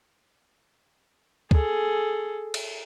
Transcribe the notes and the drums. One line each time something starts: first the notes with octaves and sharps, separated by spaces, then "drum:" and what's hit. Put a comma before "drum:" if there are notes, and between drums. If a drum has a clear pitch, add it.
G#4 A4, drum: kick
drum: cymbal